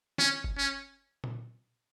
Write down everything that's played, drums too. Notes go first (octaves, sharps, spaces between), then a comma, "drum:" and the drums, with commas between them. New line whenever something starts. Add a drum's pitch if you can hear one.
C#4, drum: snare
drum: kick F#1
C#4
drum: tom A#2